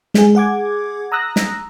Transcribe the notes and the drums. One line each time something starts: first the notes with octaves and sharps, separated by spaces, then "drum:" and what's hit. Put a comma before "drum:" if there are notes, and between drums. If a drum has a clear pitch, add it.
G#3 G#4, drum: snare
G#4 F#5 D6 G#6
A#5 D#6 E6 F#6 A#6
drum: snare